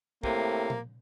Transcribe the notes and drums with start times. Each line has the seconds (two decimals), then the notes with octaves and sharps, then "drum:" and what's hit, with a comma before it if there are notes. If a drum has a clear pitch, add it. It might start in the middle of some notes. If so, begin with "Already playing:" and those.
0.23 A2 C3 A#3, drum: kick
0.70 drum: tom A#2